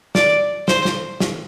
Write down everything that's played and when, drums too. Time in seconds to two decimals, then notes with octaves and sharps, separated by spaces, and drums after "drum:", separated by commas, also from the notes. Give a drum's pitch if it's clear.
0.15 D5, drum: snare
0.68 C5, drum: snare
0.85 drum: snare
1.20 drum: snare